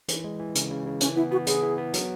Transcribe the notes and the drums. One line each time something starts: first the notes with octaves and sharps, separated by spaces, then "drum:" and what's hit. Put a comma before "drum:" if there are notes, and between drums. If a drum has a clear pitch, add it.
E3, drum: hi-hat
G#3
E3
C#3, drum: hi-hat
C#3
C#3
E3 C#4, drum: hi-hat
B3 E4
B3 F#4
E4 G#4, drum: hi-hat
E3
B3
F#3, drum: hi-hat